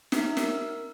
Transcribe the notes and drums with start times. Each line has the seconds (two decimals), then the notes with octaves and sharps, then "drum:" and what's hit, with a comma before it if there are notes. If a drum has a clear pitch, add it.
0.12 D#4 E5, drum: snare
0.37 A#4 E6, drum: snare